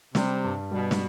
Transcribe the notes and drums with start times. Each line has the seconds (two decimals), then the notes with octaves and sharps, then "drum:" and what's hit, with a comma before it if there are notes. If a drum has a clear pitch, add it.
0.15 C3 G3, drum: snare
0.44 G2
0.71 B2 G3
0.91 drum: snare